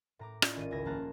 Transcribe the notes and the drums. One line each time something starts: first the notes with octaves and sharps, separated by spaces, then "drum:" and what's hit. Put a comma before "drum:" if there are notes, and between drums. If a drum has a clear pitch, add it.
A2 A#5 D6
C#4 E4 F4 A4 D5 D#5, drum: rim click
G#1 D#7
C#2 E4 G#5 A#6
D#1 F3 A#3 A5 A#5 F#6